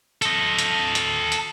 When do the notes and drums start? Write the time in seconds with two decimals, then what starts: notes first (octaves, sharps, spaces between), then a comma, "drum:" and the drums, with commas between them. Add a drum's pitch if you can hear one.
0.22 A4 D#5, drum: hi-hat
0.59 drum: hi-hat
0.95 drum: hi-hat
1.32 drum: hi-hat